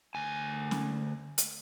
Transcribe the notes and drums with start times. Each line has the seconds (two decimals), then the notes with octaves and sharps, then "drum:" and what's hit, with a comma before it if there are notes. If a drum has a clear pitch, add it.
0.15 D2 G#5
0.71 drum: snare C#4
1.38 drum: hi-hat